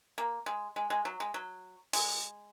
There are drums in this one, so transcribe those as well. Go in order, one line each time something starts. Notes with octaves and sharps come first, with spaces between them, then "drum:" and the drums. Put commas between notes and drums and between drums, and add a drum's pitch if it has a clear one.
A#3
G#3
G#3
G#3
F#3
G#3
F#3
G#3, drum: open hi-hat